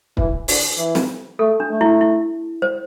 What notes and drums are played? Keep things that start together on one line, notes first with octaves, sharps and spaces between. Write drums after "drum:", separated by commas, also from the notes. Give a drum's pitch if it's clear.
E3, drum: kick
D3, drum: open hi-hat
E3
drum: snare
A3 A4
D4
A3
E4
E4
C5